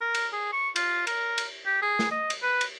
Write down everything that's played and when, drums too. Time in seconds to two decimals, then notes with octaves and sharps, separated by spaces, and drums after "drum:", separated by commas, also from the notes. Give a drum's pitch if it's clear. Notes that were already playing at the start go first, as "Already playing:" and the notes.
0.01 A#4
0.14 drum: cymbal
0.33 G#4
0.53 C#6
0.76 F4, drum: cymbal
1.07 A#4, drum: cymbal
1.38 drum: cymbal
1.66 G4
1.82 G#4
1.99 drum: snare
2.11 D#5
2.30 drum: cymbal
2.43 B4
2.61 drum: cymbal